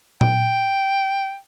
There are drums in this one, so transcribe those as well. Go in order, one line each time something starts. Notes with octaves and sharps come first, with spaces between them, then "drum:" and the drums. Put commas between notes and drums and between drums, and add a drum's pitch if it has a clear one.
G5, drum: tom A#2